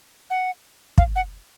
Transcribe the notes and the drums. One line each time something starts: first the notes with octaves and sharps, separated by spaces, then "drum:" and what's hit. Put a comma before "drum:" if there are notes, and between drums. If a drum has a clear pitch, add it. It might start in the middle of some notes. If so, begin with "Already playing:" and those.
F#5
F5, drum: kick
F#5